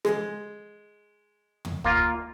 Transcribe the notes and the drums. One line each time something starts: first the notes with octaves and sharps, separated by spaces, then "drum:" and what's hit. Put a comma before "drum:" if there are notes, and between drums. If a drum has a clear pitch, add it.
G#3, drum: rim click
drum: tom
A#3 F4, drum: kick